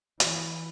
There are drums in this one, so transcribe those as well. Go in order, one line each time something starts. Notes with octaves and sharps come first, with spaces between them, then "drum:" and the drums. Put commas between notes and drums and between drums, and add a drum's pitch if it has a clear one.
E3, drum: hi-hat